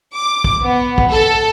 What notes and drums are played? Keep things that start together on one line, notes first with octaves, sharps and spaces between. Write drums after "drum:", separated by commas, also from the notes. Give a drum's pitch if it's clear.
D6
drum: kick
B3
drum: kick
A4